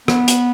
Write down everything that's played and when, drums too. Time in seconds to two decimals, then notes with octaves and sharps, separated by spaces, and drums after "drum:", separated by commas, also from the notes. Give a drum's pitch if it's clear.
0.08 B3, drum: rim click
0.28 drum: hi-hat